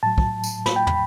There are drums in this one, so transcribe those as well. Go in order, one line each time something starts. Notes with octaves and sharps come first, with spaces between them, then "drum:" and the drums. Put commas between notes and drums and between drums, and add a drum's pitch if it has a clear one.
A2 F#3 A5
drum: kick
drum: tambourine
B5, drum: snare
G5
B5, drum: tom